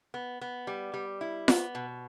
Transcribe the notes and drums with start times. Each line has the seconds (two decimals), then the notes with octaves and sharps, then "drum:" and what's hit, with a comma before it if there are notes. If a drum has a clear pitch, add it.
0.14 B3
0.41 B3
0.67 G3
0.94 G3
1.21 E4
1.48 B3, drum: snare F4
1.75 B2